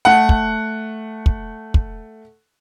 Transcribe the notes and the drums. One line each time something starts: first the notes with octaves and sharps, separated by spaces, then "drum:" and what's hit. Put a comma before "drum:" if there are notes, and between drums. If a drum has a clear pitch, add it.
A3 F#5
drum: kick
drum: kick
drum: kick